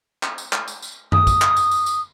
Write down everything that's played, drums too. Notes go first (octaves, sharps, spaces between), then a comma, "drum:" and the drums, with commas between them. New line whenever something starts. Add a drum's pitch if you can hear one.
drum: clap
drum: tambourine
drum: clap
drum: tambourine
drum: tambourine
D#6, drum: tom F#2
drum: kick, tambourine
drum: clap
drum: tambourine
drum: tambourine
drum: tambourine